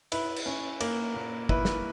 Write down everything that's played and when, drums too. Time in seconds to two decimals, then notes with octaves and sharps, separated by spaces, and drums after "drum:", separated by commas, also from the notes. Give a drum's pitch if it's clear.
0.12 E4 B4, drum: cymbal
0.36 drum: cymbal
0.46 C#4
0.80 A#3, drum: cymbal
1.14 A#2
1.49 E4 B4, drum: kick
1.65 drum: snare